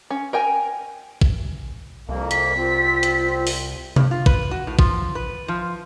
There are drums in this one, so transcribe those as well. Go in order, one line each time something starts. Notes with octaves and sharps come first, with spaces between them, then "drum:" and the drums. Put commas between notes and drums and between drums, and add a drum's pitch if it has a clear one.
C#4
A#4 G5 G#5
drum: kick A1
C2 F2 A#3
B6, drum: hi-hat
C4 F4
drum: hi-hat
drum: open hi-hat
G2, drum: tom C3
F4
B4, drum: kick A1
F#4
A2
F3, drum: kick A1
B4
F3